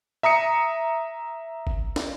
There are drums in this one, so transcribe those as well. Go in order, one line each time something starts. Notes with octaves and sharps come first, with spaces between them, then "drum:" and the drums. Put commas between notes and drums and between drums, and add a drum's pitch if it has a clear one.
E5 A#5 D#6 C#7
drum: kick G1
drum: snare